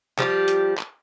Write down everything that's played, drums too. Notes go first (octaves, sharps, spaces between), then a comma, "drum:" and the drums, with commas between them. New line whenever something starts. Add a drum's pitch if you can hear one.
F3 G3 G4, drum: clap
drum: hi-hat
drum: clap